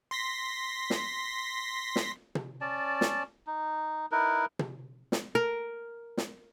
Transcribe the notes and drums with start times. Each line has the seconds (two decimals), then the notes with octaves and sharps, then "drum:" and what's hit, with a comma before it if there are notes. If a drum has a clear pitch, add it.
0.11 C6 A#6 B6
0.90 drum: snare
1.96 drum: snare
2.35 drum: tom
2.61 C#4 D5 A5
3.01 drum: snare
3.47 D#4
4.12 D#4 E4 A#4 B4
4.59 drum: tom
5.12 drum: snare
5.35 A#4
6.17 drum: snare